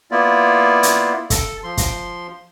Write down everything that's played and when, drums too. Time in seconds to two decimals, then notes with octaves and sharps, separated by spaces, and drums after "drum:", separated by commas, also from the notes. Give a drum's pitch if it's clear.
0.11 A#3 B3 E4 F4 D5
0.83 drum: hi-hat
1.30 A4, drum: kick, hi-hat
1.63 F3 C6
1.77 drum: kick, hi-hat